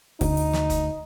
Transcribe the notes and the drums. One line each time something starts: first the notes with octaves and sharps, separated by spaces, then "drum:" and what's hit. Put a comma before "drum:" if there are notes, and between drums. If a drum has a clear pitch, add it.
D2 D#4, drum: kick F1, open hi-hat
drum: open hi-hat
drum: snare
drum: kick F1, hi-hat